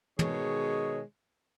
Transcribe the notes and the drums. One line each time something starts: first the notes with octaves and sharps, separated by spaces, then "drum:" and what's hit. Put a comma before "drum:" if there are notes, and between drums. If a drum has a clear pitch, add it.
B2 D#3 G#3 G#4 C#5, drum: tom